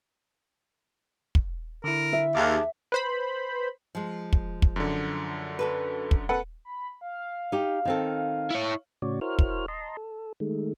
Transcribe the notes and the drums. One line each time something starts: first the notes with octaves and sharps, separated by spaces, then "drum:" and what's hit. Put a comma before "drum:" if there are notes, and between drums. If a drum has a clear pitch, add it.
drum: kick
D3 E4 A#4
E5
D#2 G#4 F5 A5 D6
B4 C5 B5
F3 G#3
drum: kick
drum: kick
F#2 D3
F#4 A4 B4
drum: kick
A4 B4 F#5
B5
F5
D#4 G4
D#3 C4 A4
E4 C#5
A2 C#3 F#4 C#5 D5
E4 F#4 A#4 C5 C#5 F6
drum: kick
D#5 A5 A#5 C6
A4
D#3 G#3 A3